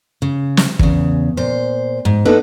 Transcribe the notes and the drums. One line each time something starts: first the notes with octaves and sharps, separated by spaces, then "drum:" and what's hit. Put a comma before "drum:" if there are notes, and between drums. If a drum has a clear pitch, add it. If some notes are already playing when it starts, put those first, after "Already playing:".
C#3
drum: snare
E2 C#3, drum: kick
A#2 C5
G#2
A#3 B3 D4 D#4 A4 B4